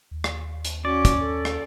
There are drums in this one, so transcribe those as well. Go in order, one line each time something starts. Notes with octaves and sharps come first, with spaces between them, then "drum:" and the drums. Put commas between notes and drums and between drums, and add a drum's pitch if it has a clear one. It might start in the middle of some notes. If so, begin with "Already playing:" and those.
D#2
drum: rim click
drum: hi-hat
C#4 F#4 D5
drum: kick, hi-hat
A4
drum: rim click